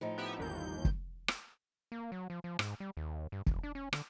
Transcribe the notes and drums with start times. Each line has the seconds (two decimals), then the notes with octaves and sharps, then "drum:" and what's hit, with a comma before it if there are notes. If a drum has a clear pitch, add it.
0.01 A2 F3 D#4
0.18 B3 G4 E5
0.38 G1 D#2 G6
0.85 drum: kick
1.28 drum: rim click
1.92 A#3
2.12 F#3
2.30 F3
2.44 F3
2.59 G#2, drum: rim click
2.80 G3
2.97 D#2
3.32 G2
3.46 E1, drum: kick
3.63 D4
3.75 C#4
3.93 D3, drum: rim click